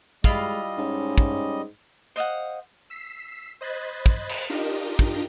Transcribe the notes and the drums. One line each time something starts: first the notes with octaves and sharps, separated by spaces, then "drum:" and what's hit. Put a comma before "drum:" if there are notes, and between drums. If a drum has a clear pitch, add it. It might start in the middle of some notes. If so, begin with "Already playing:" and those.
G3 G#3 E4 F4 D#5 F5, drum: kick
G#2 C#4
drum: kick
C5 D#5 F5 F#5
E6 B6 C7
C5 D#5 B5 F#6 G#6 A6
drum: kick
drum: cymbal
D4 D#4 F4 G4 A#4 D#5
drum: kick